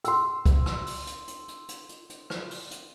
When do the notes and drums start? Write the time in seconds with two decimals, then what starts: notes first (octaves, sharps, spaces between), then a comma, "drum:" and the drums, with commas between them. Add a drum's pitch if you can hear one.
0.04 C6 E6, drum: hi-hat
0.46 drum: kick C#2, hi-hat
0.66 drum: rim click
0.87 drum: open hi-hat
1.07 drum: hi-hat
1.28 drum: hi-hat
1.48 drum: hi-hat
1.69 drum: hi-hat
1.89 drum: hi-hat
2.10 drum: hi-hat
2.30 drum: rim click
2.51 drum: open hi-hat
2.71 drum: hi-hat